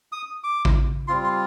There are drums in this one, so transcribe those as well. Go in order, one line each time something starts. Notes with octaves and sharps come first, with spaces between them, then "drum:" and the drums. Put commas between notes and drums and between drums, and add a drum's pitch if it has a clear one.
D#6
D6
drum: kick A1
G3 C4 F4 C6
C6